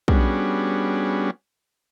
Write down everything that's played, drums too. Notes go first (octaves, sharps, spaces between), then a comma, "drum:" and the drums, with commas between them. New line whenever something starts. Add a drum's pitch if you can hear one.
G3 B3 C#4 D4 F#4 G#4, drum: kick